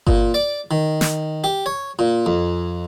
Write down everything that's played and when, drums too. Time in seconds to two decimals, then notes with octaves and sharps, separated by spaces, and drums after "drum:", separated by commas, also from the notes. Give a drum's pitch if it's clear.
0.07 A#2, drum: kick G1
0.34 D5
0.71 D#3
1.01 drum: snare
1.44 G4
1.66 C#5
1.99 A#2
2.26 F2